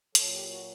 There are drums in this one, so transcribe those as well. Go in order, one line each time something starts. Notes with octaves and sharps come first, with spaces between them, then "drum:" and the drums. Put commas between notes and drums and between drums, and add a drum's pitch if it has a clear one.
A#2 F#3 A4, drum: hi-hat
G4
F#4